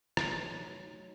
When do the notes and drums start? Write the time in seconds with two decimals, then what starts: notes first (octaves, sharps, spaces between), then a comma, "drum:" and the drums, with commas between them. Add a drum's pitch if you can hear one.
0.17 C#5, drum: rim click
0.22 F#3 A3 D#4 F#4 D#5